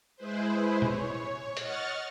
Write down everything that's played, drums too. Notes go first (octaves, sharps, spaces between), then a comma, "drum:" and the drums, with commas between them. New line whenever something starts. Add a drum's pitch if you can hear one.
G#3 E4 G#4 B4 C5
C#5, drum: tom A#2
D#5 F#5 C#6 F6 A6, drum: hi-hat